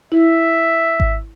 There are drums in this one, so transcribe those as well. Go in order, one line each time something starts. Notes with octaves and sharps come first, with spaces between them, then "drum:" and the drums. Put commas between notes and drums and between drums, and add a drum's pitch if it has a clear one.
E4 E5
drum: kick G#1